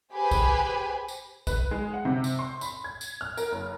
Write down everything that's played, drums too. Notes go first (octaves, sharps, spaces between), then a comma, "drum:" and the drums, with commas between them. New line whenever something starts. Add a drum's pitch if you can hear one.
G4 G#4 B4 C5 G#5 B5
drum: kick, tambourine
drum: tambourine
B4, drum: kick, tambourine
G#3
F#5
C3
drum: tambourine
C6
B5, drum: tambourine
G#6
drum: tambourine
F6
A#4, drum: tambourine
F#1